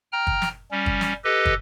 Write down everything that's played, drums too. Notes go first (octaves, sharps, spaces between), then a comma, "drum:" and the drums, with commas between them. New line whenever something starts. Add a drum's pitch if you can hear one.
G5 A#5 F6
drum: kick
drum: snare
G3 C#4
drum: kick
drum: snare
G4 A4 B4 D#5
drum: kick